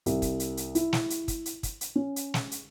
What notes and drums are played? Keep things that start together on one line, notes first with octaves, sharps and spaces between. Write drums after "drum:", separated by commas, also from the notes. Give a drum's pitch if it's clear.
C2, drum: hi-hat
drum: kick, hi-hat
drum: hi-hat
drum: hi-hat
E4, drum: hi-hat
drum: snare
drum: hi-hat
drum: kick, hi-hat
drum: hi-hat
drum: kick, hi-hat
drum: hi-hat
C#4
drum: hi-hat
drum: snare
drum: hi-hat